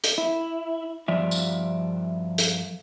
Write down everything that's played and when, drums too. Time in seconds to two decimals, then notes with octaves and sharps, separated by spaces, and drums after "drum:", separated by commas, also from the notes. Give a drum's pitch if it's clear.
0.04 drum: hi-hat
0.18 E4
1.08 G2 F3 D5 E5
1.31 drum: tambourine
2.38 drum: hi-hat